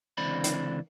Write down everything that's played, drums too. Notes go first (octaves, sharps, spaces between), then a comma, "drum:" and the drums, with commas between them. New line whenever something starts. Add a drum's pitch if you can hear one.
C#2 D3 E3 C4 D5 B5
drum: hi-hat